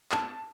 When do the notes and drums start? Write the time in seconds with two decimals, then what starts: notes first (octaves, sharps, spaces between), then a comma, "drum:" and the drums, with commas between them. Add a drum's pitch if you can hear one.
0.12 A5, drum: clap